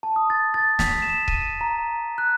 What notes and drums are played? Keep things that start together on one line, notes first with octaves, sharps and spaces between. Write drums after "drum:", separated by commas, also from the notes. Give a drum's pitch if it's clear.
A5
D#6
A6
A6
B6, drum: snare
E7
D#7, drum: kick C#1
D#7
A#5
F#6